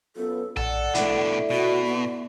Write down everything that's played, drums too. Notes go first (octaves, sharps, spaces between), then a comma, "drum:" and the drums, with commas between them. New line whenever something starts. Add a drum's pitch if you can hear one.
F#2 B3 F4 A4
A4 D5 F#5, drum: tom A#1
B2 A3 D4 E4, drum: hi-hat
B2 F#4
B3